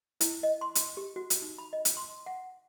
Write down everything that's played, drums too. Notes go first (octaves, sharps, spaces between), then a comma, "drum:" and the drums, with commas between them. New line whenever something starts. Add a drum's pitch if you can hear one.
E4, drum: hi-hat
D#5
C6
drum: hi-hat
G4
F#4
drum: hi-hat
D#4
B5
D#5
drum: hi-hat
C6
F#5